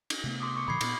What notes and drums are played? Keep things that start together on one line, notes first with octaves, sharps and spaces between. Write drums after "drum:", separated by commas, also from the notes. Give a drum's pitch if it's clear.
drum: cymbal
C3 A3 B3
C6 D6 D#6
C#6 D6 C#7
A#2 D3 F3 B5 G#6 C7
A#2 B3, drum: cymbal